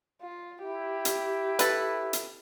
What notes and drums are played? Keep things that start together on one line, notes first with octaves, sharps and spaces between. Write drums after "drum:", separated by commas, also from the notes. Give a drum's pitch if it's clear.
F4
E4 G4
drum: hi-hat
A4 B4, drum: hi-hat
drum: hi-hat